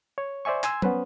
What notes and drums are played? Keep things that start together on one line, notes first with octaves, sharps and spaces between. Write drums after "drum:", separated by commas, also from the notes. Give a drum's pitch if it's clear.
C#5
C5 D5 E5 G#5 C#6
G#5 C6 E6 G#6, drum: clap
B3 C#4 B4 C5, drum: tom